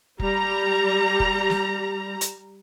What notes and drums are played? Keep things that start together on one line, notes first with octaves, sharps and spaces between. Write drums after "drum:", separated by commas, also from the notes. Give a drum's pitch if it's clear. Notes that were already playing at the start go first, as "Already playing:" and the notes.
G3 A#5, drum: kick F1
drum: kick F1
drum: snare
drum: hi-hat